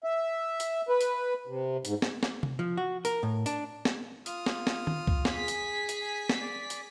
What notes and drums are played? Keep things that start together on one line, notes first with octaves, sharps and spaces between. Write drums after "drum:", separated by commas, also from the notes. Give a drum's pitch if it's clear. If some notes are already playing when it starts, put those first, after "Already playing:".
E5
drum: hi-hat
B4
drum: hi-hat
C3
G#2, drum: hi-hat
drum: snare
drum: snare
drum: tom C3
F3
F#4
A#4, drum: hi-hat
A2
D4, drum: hi-hat
drum: snare
F4 D#6 F6, drum: hi-hat
drum: snare
drum: snare
drum: tom D#3
drum: kick C#2
G#4 B6, drum: snare
drum: hi-hat
drum: hi-hat
G#5
drum: snare
D5
drum: hi-hat